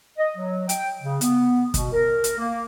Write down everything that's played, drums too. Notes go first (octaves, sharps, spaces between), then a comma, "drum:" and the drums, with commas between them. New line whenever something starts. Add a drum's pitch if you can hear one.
D#5
F#3
G5, drum: hi-hat
C#3
B3, drum: hi-hat
B2, drum: kick, hi-hat
A#4
drum: hi-hat
A#3